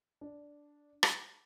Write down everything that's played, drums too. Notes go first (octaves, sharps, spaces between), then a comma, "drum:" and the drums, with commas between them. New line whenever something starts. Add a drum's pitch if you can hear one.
D4
drum: rim click